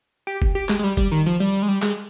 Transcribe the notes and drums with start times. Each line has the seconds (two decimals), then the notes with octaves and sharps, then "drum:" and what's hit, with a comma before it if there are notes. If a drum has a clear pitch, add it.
0.27 G4
0.42 drum: kick F#1
0.55 G4
0.69 G#3, drum: clap
0.79 G#3
0.84 G3
0.97 G3, drum: kick F#1
1.12 D#3
1.26 F3
1.40 G3
1.62 G#3
1.68 G3
1.82 G#3, drum: clap